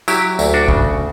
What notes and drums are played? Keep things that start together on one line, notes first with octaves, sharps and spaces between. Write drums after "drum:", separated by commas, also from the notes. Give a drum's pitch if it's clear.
F#3 E4 G4, drum: tambourine
D2, drum: tambourine
D4 F#4
C#3, drum: kick